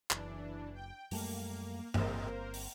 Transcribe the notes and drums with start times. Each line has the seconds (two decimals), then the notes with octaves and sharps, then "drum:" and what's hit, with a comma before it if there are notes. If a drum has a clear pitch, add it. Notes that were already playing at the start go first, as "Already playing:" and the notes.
0.11 F#1 E3 D4, drum: clap
0.75 G5
1.11 F#2 G3 A3 A#3, drum: open hi-hat
1.94 G1 A#3 C4 A#4 C5, drum: tom
2.54 drum: open hi-hat